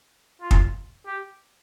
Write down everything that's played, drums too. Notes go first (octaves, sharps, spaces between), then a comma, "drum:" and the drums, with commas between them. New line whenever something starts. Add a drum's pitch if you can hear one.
F4
drum: kick
G4